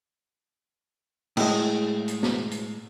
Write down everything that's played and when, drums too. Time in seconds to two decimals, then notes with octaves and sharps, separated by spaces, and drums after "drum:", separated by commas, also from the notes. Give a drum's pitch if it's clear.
1.37 A2 G#3, drum: cymbal
2.08 drum: hi-hat
2.23 drum: snare
2.51 drum: hi-hat